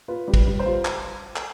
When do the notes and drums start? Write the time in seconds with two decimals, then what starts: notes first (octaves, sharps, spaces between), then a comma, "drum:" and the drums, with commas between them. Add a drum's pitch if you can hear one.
0.08 F4 B4
0.28 G3
0.34 B4, drum: kick, cymbal
0.47 G3
0.59 C5
0.66 F4
0.85 drum: clap
1.36 drum: clap